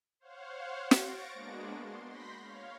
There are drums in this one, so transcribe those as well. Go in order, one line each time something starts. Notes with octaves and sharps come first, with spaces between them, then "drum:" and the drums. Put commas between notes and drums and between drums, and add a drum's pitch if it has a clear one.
C5 C#5 F5 F#5
C#6 A6 A#6 D7, drum: snare
G#3 A#3 B3 D4 F#4
C6
B5 C6 G6 A#6 B6
C#5 F5